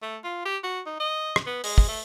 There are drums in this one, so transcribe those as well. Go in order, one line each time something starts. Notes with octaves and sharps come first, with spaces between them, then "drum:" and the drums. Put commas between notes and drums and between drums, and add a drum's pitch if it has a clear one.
A3
F4
G4
F#4
D#4
D#5
drum: rim click
B3
G#3, drum: open hi-hat
drum: kick
A3